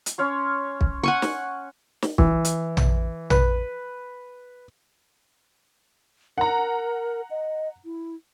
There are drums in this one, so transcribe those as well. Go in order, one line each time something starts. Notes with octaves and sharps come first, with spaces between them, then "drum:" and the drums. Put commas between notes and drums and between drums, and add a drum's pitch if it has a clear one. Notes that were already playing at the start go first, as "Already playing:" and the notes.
drum: hi-hat
C#4 C#5 C6
drum: kick B1
F#5 G#5 C#6
drum: snare
drum: snare
E3, drum: kick B1
drum: hi-hat
drum: tom A#1
B4, drum: tom A#1
A#4 F#5 A#5
D#5
E4